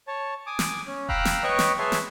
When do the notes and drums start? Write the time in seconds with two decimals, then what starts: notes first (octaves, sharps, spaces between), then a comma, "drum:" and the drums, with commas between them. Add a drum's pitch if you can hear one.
0.08 C#5 A5
0.46 G#5 D6 D#6
0.59 drum: snare
0.87 C#4
1.09 F5 G5 A#5 B5 E6 F#6, drum: kick E1
1.25 drum: snare
1.43 B4 C#5 D#5 G5 C#6
1.59 drum: snare
1.78 G#4 B4 C#5 E5 A5 C6
1.92 drum: snare